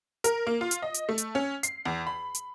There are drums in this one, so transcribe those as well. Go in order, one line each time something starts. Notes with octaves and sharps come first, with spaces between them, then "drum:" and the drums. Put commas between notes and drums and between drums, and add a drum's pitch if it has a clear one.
A#4, drum: hi-hat
A#3
F4
drum: hi-hat
D#5
drum: hi-hat
A3
drum: hi-hat
C#4
C7, drum: hi-hat
E2
B5
drum: hi-hat